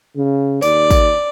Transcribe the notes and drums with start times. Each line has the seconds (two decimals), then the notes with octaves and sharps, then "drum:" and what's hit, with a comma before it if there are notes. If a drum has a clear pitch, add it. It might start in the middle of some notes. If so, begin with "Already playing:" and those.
0.17 C#3
0.62 D#2 D5, drum: tambourine
0.91 drum: kick, tambourine